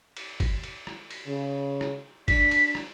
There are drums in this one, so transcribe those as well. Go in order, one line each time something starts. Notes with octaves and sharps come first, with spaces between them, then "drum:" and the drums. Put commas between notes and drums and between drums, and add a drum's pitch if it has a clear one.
drum: cymbal
drum: kick, cymbal
drum: cymbal
drum: rim click
drum: cymbal
C#3
drum: rim click
D4 B6, drum: kick, cymbal
drum: cymbal
drum: rim click